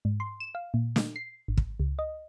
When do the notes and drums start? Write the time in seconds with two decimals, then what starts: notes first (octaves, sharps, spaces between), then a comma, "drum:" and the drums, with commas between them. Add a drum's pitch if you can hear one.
0.05 G#2
0.20 C6
0.40 E7
0.55 F5
0.74 A#2
0.96 drum: snare
1.16 C7
1.48 G#1
1.57 drum: kick
1.80 C#2
1.99 D#5